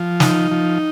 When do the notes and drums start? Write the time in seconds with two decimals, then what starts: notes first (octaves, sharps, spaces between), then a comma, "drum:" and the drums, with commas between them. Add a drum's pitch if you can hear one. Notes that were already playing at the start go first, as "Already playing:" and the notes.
Already playing: F3
0.20 D#4, drum: snare
0.51 F3